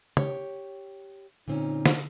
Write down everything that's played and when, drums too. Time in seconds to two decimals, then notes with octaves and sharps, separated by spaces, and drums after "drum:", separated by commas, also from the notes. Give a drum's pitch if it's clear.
0.17 G4 C#5, drum: tom
1.48 A#2 D3 C4 C#4 D#4
1.86 drum: snare